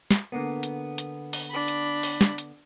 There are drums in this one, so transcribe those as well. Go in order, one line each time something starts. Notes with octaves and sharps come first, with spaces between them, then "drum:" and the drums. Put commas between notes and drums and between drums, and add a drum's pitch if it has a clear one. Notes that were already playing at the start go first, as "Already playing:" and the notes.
drum: snare
D3 A#3 B3
drum: hi-hat
drum: hi-hat
drum: open hi-hat
D4 B5
drum: hi-hat
drum: open hi-hat
drum: snare
drum: hi-hat